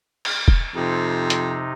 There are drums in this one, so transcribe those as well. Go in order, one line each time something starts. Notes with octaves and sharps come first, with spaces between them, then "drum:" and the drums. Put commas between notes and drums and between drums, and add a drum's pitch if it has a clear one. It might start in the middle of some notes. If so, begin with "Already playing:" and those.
drum: cymbal
drum: kick E1
F2 C3 D#4
drum: hi-hat